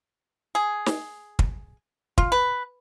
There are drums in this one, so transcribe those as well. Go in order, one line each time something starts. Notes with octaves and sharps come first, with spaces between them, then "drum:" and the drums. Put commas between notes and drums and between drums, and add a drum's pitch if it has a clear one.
G#4
drum: snare
drum: kick
F4, drum: kick
B4